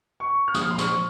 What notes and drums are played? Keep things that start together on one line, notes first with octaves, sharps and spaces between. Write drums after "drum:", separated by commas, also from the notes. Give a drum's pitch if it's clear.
C#6
F6
A#2 F3 D#6, drum: snare
C6
C#6, drum: snare